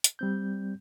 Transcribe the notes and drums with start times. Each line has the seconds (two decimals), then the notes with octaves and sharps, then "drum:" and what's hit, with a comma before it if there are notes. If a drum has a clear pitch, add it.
0.04 drum: hi-hat
0.19 G3 C4 G6